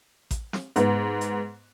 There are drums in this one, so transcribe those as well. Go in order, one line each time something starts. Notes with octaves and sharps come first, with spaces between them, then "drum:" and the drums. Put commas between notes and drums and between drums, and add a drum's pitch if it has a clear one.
drum: kick A1, hi-hat
drum: snare
G#2 B3, drum: hi-hat
drum: hi-hat